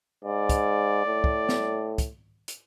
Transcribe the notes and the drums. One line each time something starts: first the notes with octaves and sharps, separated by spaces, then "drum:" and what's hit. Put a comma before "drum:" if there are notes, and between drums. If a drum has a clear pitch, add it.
G#2 D5
drum: kick, hi-hat
A2
drum: kick
drum: snare
drum: kick, hi-hat
drum: hi-hat